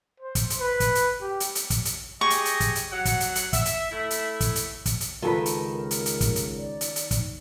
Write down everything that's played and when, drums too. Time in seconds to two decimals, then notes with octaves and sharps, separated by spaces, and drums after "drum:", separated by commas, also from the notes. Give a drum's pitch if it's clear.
0.20 C5
0.35 drum: kick, hi-hat
0.50 drum: hi-hat
0.60 B4
0.80 drum: kick, hi-hat
0.95 drum: hi-hat
1.21 G4
1.40 drum: hi-hat
1.55 drum: hi-hat
1.70 drum: kick, hi-hat
1.85 drum: hi-hat
2.21 G4 G#4 D#5 C#6
2.30 drum: hi-hat
2.45 drum: hi-hat
2.60 drum: kick, hi-hat
2.75 drum: hi-hat
2.92 F#3 F#5
3.05 drum: kick, hi-hat
3.20 drum: hi-hat
3.35 drum: hi-hat
3.53 E5, drum: kick, hi-hat
3.65 drum: hi-hat
3.91 A3 E4 E5
4.10 drum: hi-hat
4.41 drum: kick, hi-hat
4.56 drum: hi-hat
4.86 drum: kick, hi-hat
5.01 drum: hi-hat
5.22 C#2 D#3 F4 A4 B4
5.46 drum: hi-hat
5.72 A#4
5.91 drum: hi-hat
6.06 drum: hi-hat
6.21 drum: kick, hi-hat
6.36 drum: hi-hat
6.57 D5
6.81 drum: hi-hat
6.96 drum: hi-hat
7.11 drum: kick, hi-hat